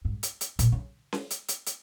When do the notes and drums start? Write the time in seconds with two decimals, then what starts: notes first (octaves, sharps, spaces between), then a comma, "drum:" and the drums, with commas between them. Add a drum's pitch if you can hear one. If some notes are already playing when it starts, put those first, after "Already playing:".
0.05 G#2
0.23 drum: hi-hat
0.41 drum: hi-hat
0.59 A#2, drum: kick, hi-hat
0.72 C#3
1.13 drum: snare C#4
1.30 drum: hi-hat
1.48 drum: hi-hat
1.66 drum: hi-hat